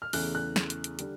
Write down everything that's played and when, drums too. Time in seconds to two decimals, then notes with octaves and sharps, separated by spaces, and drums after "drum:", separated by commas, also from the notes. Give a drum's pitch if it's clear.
0.02 F6
0.13 E2 C#3 E3 A3 F#6, drum: open hi-hat
0.35 F#6
0.56 drum: snare
0.70 drum: hi-hat
0.84 drum: hi-hat
0.99 D3 G3, drum: hi-hat